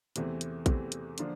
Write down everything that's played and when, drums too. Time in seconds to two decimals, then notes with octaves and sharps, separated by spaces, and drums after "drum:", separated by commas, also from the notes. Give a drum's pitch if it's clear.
0.16 E2 C3 E3 A3 C4, drum: hi-hat
0.41 drum: hi-hat
0.66 E2 C3 E3 A3 C4, drum: kick A#1, hi-hat
0.92 drum: hi-hat
1.18 D3 F3 A#3 D4 F4, drum: hi-hat